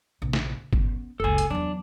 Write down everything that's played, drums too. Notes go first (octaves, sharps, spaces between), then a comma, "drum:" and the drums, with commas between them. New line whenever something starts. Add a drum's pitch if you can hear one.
A#1 C3
drum: snare
B3 C#4, drum: kick G1
F#1 C#2 A4 G#5
drum: hi-hat
E2 F#3 D4